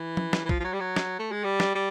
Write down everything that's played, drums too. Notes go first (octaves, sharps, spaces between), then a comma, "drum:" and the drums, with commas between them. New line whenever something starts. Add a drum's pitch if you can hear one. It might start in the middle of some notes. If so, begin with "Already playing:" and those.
Already playing: E3
drum: tom
drum: snare
E3
F3, drum: kick A#1
F3
F#3
G3
F#3
drum: snare
A3
G#3
G3
drum: snare
G3